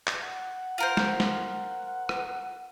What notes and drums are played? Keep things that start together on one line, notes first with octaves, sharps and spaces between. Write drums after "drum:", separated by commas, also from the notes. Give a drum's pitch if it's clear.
drum: clap
F#5
F4 A#4 C5
drum: snare
drum: snare
drum: rim click